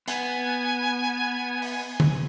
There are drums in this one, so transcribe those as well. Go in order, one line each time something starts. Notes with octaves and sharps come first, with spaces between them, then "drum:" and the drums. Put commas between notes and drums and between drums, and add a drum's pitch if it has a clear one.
B3 G#5, drum: hi-hat
drum: open hi-hat
drum: tom